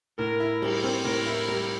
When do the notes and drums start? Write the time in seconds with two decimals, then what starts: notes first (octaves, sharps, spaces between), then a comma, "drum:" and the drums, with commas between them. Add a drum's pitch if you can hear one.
0.19 A2 A#4
0.40 E4
0.62 G3, drum: cymbal
0.83 C4, drum: cymbal
1.05 A2 A#4
1.27 E4
1.48 G3